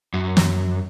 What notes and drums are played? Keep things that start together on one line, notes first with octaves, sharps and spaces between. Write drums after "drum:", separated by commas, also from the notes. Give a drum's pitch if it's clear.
F#2
drum: snare